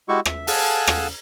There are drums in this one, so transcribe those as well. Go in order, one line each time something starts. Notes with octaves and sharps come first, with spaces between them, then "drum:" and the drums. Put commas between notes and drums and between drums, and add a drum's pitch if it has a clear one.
G#3 E4 F#4 G4 C#6
E5, drum: rim click
G#4 A4 F5 F#5 G#5 A5, drum: open hi-hat
drum: rim click